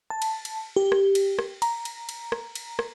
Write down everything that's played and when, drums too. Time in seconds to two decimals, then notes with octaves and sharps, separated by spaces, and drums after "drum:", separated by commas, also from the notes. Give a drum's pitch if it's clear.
0.10 A5
0.22 drum: cymbal
0.45 drum: cymbal
0.76 G4
0.92 drum: rim click
1.15 drum: cymbal
1.39 drum: rim click
1.62 A#5, drum: cymbal
1.85 drum: cymbal
2.09 drum: cymbal
2.32 drum: rim click
2.55 drum: cymbal
2.79 drum: rim click